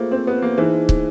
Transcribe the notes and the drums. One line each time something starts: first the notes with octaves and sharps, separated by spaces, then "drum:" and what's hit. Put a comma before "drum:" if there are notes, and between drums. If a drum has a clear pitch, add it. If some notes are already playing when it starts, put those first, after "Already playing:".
Already playing: A3 A#3 F4 G#4 C5
C4
B3
A#3
E3 D#4 G#4 C5
drum: kick